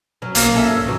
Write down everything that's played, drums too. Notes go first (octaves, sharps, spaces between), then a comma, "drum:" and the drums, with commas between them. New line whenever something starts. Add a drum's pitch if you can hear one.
F#3 C#4
B1 A#3, drum: hi-hat
C#4 A4 E5
G2
D#3 E3 F#3